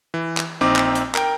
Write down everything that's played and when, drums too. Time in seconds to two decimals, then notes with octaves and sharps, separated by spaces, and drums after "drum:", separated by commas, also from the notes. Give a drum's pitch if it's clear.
0.14 E3
0.37 drum: clap
0.61 A#1 C4 D#4 D6
0.76 drum: clap
0.95 drum: hi-hat
1.15 A#4 G5, drum: clap